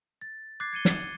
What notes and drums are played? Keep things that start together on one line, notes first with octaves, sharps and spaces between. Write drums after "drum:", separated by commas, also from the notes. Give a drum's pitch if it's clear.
A6
D6 F#6 G#6 A6 C7
G#6 C#7 D#7 G7
drum: snare